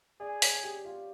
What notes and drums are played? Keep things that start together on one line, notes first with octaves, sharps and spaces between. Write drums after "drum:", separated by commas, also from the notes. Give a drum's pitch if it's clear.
G#4 D5
C#5, drum: open hi-hat
G4
F4